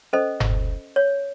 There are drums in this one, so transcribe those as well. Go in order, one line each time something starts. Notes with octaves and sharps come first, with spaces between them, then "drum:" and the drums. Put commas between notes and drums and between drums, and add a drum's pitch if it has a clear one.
C#4 A4 C5 D#5
drum: tom F#1
C#5